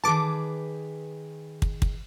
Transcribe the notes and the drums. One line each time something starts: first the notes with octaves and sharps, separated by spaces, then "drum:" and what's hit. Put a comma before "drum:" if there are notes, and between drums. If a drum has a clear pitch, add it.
D#3 G#4 B4 A5 D6
drum: kick
drum: kick